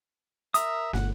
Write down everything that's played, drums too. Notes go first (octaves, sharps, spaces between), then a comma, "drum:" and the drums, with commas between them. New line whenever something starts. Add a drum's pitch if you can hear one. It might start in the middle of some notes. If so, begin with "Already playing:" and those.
A#4 E5 A#5 D#6, drum: hi-hat
G1 F#5, drum: snare